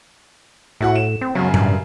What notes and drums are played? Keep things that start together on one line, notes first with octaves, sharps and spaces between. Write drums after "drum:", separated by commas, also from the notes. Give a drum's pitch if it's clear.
A2 E4 F#4 F#5
E7
C4
F#2 C#3 F#3
G2, drum: tom A2